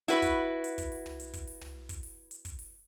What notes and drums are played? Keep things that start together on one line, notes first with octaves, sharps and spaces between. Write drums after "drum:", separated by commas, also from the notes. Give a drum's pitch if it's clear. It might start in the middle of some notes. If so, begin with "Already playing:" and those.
E4 F#4 B4, drum: hi-hat
drum: kick, hi-hat
drum: hi-hat
drum: kick, hi-hat
drum: open hi-hat
drum: tom
drum: hi-hat
drum: kick, hi-hat
drum: open hi-hat
drum: tom
drum: kick, hi-hat
drum: open hi-hat
drum: hi-hat
drum: kick, hi-hat
drum: open hi-hat